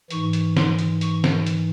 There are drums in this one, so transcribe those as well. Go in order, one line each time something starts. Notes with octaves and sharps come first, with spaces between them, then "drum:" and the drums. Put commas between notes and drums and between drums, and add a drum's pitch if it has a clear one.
G#2 E3 C#6, drum: hi-hat
drum: hi-hat
C6, drum: snare
drum: hi-hat
C#6, drum: hi-hat
drum: snare
drum: hi-hat